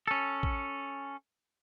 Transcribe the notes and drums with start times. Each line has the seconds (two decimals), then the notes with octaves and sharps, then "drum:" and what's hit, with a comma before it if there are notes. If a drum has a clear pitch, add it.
0.08 C#4 A4
0.43 drum: kick A1